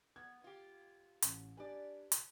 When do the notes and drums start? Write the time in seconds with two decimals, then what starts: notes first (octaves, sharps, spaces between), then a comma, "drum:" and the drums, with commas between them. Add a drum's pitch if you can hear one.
0.16 B3 G#6
0.44 F4 G4
1.22 A1, drum: hi-hat
1.57 D4 G4 B4 D5 G#5
2.12 drum: hi-hat